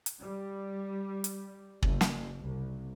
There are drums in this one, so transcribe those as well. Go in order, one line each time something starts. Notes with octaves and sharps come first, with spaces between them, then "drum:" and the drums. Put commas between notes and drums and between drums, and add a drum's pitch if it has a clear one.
drum: hi-hat
G3
drum: hi-hat
F#1, drum: kick
drum: snare
C2